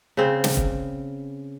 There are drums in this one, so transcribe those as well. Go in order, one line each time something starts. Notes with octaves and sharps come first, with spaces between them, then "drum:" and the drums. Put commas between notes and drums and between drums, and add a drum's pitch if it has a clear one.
C#3 C4
drum: snare
drum: kick